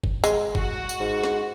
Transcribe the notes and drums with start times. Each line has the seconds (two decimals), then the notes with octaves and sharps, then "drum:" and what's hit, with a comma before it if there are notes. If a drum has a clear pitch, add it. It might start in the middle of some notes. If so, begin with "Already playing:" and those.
0.04 drum: kick G1
0.24 G#3, drum: tambourine
0.55 F#4, drum: kick G1
0.89 drum: tambourine
1.00 G#2
1.23 drum: snare